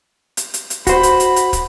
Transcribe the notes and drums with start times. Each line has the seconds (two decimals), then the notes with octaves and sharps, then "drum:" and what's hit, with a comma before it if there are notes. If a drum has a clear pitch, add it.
0.37 drum: hi-hat
0.54 drum: hi-hat
0.70 drum: hi-hat
0.87 F#4 C5 B5, drum: kick, hi-hat
1.03 drum: hi-hat
1.20 drum: hi-hat
1.36 drum: hi-hat
1.53 drum: kick, hi-hat